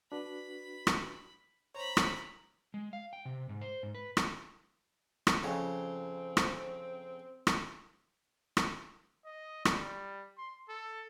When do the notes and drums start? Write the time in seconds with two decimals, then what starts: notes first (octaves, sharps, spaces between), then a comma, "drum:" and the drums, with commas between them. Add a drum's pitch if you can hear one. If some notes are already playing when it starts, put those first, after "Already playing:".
0.12 D4 F#4 B4 B5
0.87 drum: rim click
1.75 C5 C#5 A#5 B5
1.97 drum: rim click
2.74 G#3
2.93 F5
3.13 G5
3.25 C3
3.49 G#2
3.61 C5
3.83 G#2
3.95 B4
4.17 drum: rim click
5.27 drum: rim click
5.43 F2 C#3 C4 C#5
6.37 drum: rim click
7.47 drum: rim click
8.57 drum: rim click
9.25 D#5
9.65 G3, drum: rim click
10.38 C6
10.69 A4